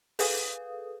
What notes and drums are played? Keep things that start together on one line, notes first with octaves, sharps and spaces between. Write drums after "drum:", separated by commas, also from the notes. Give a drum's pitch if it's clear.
G#4 A4 B4 F5 D#6, drum: open hi-hat